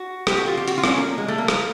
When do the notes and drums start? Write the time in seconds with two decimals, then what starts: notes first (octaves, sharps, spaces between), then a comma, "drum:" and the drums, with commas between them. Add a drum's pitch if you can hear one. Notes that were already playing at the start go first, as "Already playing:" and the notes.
Already playing: F#4
0.27 G4, drum: rim click
0.37 F#4
0.47 F4
0.57 G4
0.68 F#4, drum: hi-hat
0.78 F4
0.84 C4, drum: rim click
0.88 C#4
0.98 A#3
1.18 G#3
1.28 A3
1.38 A#3
1.48 drum: rim click